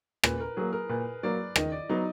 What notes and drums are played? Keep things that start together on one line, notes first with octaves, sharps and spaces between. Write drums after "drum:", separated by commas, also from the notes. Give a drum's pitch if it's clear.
A#2 B4, drum: rim click
A#4
F#3 A#3 G#4
A#4
A#2 B4
F#3 A#3 D5
D#3 D#5, drum: rim click
D5
F#3 B3 D#4